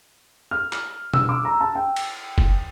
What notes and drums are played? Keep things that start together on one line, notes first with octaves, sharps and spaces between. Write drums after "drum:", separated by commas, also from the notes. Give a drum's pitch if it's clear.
F6
drum: clap
E6, drum: tom B2
D6
A#5
A5
G5
drum: cymbal
drum: kick